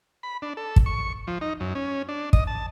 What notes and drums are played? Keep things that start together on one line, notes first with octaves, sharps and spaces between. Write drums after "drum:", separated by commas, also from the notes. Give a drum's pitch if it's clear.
B5
D4
A4
drum: kick
C#6
F3
D#4
F#2
C#4
D4
D#5, drum: kick
A5